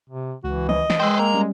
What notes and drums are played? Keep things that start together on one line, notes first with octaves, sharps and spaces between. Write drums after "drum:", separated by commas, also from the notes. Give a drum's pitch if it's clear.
C3
C#2 E3 F#4
D#5, drum: tom D#3
drum: snare
G#3 B4 C5 G5 E6
A#3 A#5
G3 C#4